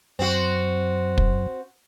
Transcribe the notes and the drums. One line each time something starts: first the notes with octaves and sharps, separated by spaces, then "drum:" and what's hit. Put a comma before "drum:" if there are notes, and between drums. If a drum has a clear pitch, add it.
F#2 C4 F#4
drum: kick